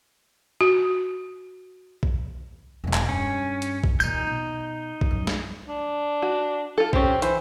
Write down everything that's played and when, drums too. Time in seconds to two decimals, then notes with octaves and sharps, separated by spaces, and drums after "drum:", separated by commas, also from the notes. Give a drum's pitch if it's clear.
0.61 F#4
2.03 drum: kick A#1
2.84 E1 G#3
2.93 drum: clap
3.09 G2 C#4
3.62 drum: hi-hat
3.84 drum: kick A#1
4.00 D#2 A#2 D#4 G6, drum: tambourine
4.27 B2
5.01 drum: kick A#1
5.11 F#2
5.27 drum: snare
5.67 D4
6.22 F#4
6.78 F4 A4
6.93 C4 C#4 G4, drum: kick A#1
7.22 E3 C5, drum: hi-hat